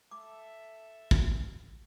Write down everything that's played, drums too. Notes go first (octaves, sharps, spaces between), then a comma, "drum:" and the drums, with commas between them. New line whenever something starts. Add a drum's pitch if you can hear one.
A4 E5 D6
drum: kick